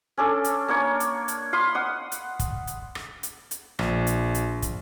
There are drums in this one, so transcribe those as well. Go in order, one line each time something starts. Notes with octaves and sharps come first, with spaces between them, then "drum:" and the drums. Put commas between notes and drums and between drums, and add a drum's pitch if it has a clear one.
C#4 D4 A4
drum: hi-hat
A#3 D4 C#5
drum: hi-hat
drum: hi-hat
F5 B5 C6 D#6
F#5 D#6
drum: hi-hat
drum: kick, hi-hat
drum: hi-hat
drum: rim click
drum: hi-hat
drum: hi-hat
A#1, drum: rim click
drum: hi-hat
drum: hi-hat
drum: kick, hi-hat